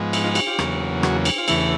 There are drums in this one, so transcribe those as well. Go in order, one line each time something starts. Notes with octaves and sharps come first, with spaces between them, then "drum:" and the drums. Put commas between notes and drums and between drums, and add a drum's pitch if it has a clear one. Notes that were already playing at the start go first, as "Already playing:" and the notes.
Already playing: G#2 F3 G#3 B3
E4, drum: cymbal
D#4 F4
E4 F#4, drum: cymbal
F4 G4
E2 C#3 F#3 A#3, drum: rim click
F#4 G#4, drum: rim click
drum: cymbal
F4
E2 C#3 E3 A3 E4, drum: cymbal